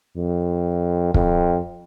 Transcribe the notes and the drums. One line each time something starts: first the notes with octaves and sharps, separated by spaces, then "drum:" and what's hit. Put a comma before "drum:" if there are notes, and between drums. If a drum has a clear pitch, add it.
F2
F2, drum: kick